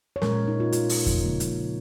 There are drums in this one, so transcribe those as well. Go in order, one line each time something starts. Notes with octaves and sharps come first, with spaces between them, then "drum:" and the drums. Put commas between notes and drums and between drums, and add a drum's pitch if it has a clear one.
C#5
A#2 G#3 C#4 A#4, drum: snare
D#4
F4
F4, drum: hi-hat
drum: open hi-hat
drum: kick E2, hi-hat
C#3 F3 A#3
drum: hi-hat